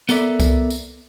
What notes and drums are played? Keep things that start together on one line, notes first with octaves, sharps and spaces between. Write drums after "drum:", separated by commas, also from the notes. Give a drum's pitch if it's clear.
B3 A4 A#4 D5 E5, drum: tambourine
drum: kick C2, tambourine
drum: tambourine